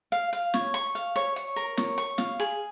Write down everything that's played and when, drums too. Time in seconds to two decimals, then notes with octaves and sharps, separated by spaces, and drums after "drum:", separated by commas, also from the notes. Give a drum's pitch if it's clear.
0.12 F5
0.33 F5, drum: hi-hat
0.54 C#5, drum: snare
0.74 C#6, drum: hi-hat
0.95 F5, drum: hi-hat
1.16 C#5, drum: hi-hat
1.36 C#5, drum: hi-hat
1.56 A#4, drum: hi-hat
1.77 C#5, drum: snare
1.98 C#6, drum: hi-hat
2.18 F5, drum: snare
2.40 G#4, drum: hi-hat